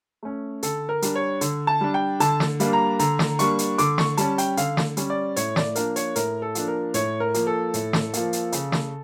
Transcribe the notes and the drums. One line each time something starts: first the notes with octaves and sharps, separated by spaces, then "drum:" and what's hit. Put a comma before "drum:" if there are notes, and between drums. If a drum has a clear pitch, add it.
A3 C#4
D3 A4, drum: hi-hat
A#4
G3 D4, drum: hi-hat
C#5
D3, drum: hi-hat
A5
G3 D4
G5
D3 A5, drum: hi-hat
drum: snare
G3 A#3 D4, drum: hi-hat
A#5
D3 A#5, drum: hi-hat
drum: snare
G3 A#3 D4 C#6, drum: hi-hat
drum: hi-hat
D3 D6, drum: hi-hat
C#6, drum: snare
G3 C#4 A5, drum: hi-hat
G5, drum: hi-hat
D3 F5, drum: hi-hat
drum: snare
G3 C#4, drum: hi-hat
D5
A2 C#5, drum: hi-hat
D5, drum: snare
F3 A#3 D4 A#4, drum: hi-hat
C#5, drum: hi-hat
A2 A#4, drum: hi-hat
A4
F3 A#3 D4, drum: hi-hat
A#4
A2 C#5, drum: hi-hat
A#4
F3 A#3, drum: hi-hat
A4
A2, drum: hi-hat
drum: snare
F3 A#3, drum: hi-hat
drum: hi-hat
C#3, drum: hi-hat
drum: snare